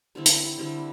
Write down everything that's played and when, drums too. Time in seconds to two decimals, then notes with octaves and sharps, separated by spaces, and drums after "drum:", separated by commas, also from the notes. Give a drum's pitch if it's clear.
0.15 D3 G3 C4 E4
0.26 drum: hi-hat
0.58 D3 G3 C4 E4